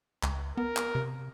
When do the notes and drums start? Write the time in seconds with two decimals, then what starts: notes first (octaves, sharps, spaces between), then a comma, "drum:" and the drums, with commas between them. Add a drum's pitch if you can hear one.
0.23 C#2, drum: clap
0.57 B3 A#4
0.77 drum: clap
0.95 C3